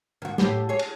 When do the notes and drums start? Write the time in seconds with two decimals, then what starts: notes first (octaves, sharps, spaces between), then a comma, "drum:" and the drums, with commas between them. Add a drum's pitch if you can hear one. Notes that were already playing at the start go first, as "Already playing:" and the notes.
0.22 D#3 F#4
0.38 A2 G4, drum: snare
0.69 G#4 C#5
0.79 drum: cymbal